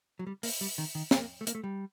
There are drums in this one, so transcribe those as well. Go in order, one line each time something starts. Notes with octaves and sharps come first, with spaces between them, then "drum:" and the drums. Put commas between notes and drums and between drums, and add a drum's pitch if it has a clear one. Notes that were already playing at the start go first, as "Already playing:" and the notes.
F#3
G3
A#3, drum: open hi-hat
G3
D#3
D#3
C4, drum: snare
A#3
A3
A#3, drum: hi-hat
A3
G3